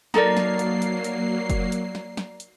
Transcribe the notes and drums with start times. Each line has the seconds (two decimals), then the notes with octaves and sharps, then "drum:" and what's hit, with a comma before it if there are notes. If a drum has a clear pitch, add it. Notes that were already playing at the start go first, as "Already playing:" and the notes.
0.14 F#3 A#3 D#4 A4 A#4 D5 A#5 C7, drum: snare
0.37 drum: snare
0.59 drum: hi-hat
0.82 drum: hi-hat
1.04 drum: hi-hat
1.50 drum: kick F#1, hi-hat
1.72 drum: hi-hat
1.95 drum: snare
2.17 drum: snare
2.40 drum: hi-hat